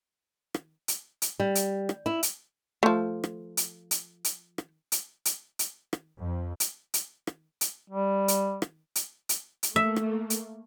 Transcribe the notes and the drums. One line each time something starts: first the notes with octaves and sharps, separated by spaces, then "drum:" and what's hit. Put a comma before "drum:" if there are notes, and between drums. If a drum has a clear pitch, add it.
drum: rim click
drum: hi-hat
drum: hi-hat
G3
drum: hi-hat
drum: rim click
E4
drum: hi-hat
F3 A3
drum: rim click
drum: hi-hat
drum: hi-hat
drum: hi-hat
drum: rim click
drum: hi-hat
drum: hi-hat
drum: hi-hat
drum: rim click
F2
drum: hi-hat
drum: hi-hat
drum: rim click
drum: hi-hat
G3
drum: hi-hat
drum: rim click
drum: hi-hat
drum: hi-hat
drum: hi-hat
A3 A#3 E5
drum: rim click
drum: hi-hat